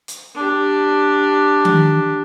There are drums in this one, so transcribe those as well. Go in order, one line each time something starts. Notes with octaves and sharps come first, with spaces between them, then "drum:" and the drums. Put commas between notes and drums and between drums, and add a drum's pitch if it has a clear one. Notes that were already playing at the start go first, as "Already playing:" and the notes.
drum: hi-hat
D4 G4
drum: tom D#3